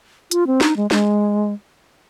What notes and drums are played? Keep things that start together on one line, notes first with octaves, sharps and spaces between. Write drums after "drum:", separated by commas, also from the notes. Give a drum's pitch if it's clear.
F4, drum: hi-hat
C4
D#4, drum: snare
G#3
G#3, drum: snare